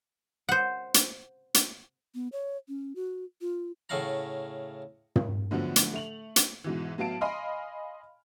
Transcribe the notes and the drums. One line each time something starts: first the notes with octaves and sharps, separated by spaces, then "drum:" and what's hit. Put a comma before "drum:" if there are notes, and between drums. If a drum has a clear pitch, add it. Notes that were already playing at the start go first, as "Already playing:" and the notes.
C5 F#5
drum: hi-hat
drum: hi-hat
B3
C#5
C#4
F#4
F4
A2 C#3 A3 F5 F#5 A#5
drum: tom
A2 D3 F3 F#3 B3
drum: hi-hat
A3 F7 F#7
drum: hi-hat
G#2 B2 E3
A2 F#3 B3 F5 A5 D7
D#5 F5 G#5 B5 C6 F6